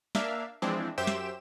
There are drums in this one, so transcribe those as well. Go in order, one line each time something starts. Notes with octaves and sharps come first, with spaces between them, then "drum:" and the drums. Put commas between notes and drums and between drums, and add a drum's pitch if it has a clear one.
A#3 D4 E5 F5, drum: snare
E3 F3 G#3 C4 D4 E4
F#2 G4 C5 E5 G5 E7
drum: snare